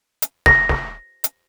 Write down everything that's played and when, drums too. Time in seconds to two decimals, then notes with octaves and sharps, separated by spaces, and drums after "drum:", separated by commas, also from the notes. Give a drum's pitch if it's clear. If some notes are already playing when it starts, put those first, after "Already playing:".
0.22 drum: hi-hat
0.46 A#6, drum: snare
0.69 drum: snare
1.24 drum: hi-hat